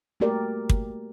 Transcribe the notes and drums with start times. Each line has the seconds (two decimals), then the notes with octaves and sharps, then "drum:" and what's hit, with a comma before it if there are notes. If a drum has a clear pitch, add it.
0.20 A3 A#3 F#4 G4 A#4 D5
0.70 drum: kick